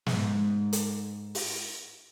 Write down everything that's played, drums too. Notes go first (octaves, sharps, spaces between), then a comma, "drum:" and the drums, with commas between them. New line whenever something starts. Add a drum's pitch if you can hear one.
G#2 G#3, drum: snare
drum: hi-hat
drum: open hi-hat